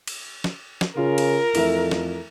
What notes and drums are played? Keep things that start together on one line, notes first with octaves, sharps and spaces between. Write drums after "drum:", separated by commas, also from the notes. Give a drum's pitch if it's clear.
drum: cymbal
drum: snare
drum: snare
C#3 F4 A#4
drum: cymbal
F2 E3 A3 E5, drum: cymbal
drum: snare